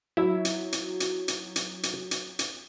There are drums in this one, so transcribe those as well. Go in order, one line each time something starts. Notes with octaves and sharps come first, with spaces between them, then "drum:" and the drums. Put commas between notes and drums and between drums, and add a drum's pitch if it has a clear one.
F#3 E4
drum: hi-hat
drum: hi-hat
drum: hi-hat
drum: hi-hat
drum: hi-hat
drum: hi-hat
drum: hi-hat
drum: hi-hat